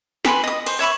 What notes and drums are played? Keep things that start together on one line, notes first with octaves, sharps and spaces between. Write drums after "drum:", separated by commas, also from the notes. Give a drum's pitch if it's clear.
B4 G#5 B5 C6, drum: snare
D#5 D#6
C5, drum: cymbal
C#5 E5 B5 C#6